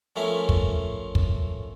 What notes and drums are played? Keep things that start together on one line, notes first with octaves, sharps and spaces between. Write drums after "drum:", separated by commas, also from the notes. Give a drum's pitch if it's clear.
F3 A3 C#4 A#4 E5
drum: kick
drum: kick